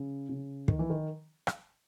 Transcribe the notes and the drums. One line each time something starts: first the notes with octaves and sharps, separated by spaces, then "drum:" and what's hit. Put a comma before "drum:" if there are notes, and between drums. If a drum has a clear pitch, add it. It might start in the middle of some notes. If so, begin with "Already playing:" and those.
Already playing: C#3
C#3
D#3, drum: kick
E3
D#3
drum: rim click